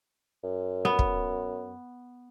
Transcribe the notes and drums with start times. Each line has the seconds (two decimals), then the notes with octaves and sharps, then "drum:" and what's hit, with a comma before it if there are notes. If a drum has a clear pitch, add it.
0.44 F#2
0.85 B3
0.99 drum: kick